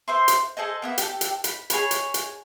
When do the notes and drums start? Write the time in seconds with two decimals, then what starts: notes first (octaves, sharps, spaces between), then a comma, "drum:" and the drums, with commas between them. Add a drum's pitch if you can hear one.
0.08 C5 E5 C6
0.28 drum: hi-hat
0.57 G#4 A4 C5 D#5
0.82 A#3 B3 E5
0.98 G4 A4, drum: hi-hat
1.21 drum: hi-hat
1.44 B5, drum: hi-hat
1.70 G#4 C#5 B5, drum: hi-hat
1.91 drum: hi-hat
2.14 drum: hi-hat